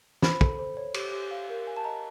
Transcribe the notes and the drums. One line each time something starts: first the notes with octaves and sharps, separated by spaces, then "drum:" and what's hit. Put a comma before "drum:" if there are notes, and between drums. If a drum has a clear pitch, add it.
C5 B5, drum: snare
A4, drum: kick
C5
C#5
G4, drum: cymbal
G4
F5
A#4
F5 G#5
A5
D#5 A#5